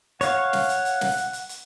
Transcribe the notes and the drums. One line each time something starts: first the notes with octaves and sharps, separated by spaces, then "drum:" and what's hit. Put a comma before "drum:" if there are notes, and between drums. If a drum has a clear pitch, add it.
C#5 F5 F#5, drum: hi-hat
drum: snare
drum: hi-hat
drum: hi-hat
drum: snare
drum: hi-hat
drum: hi-hat
drum: hi-hat